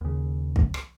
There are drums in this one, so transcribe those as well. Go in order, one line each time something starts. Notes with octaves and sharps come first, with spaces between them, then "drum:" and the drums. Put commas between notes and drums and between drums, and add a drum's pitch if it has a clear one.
D#2 C#3
drum: kick
drum: rim click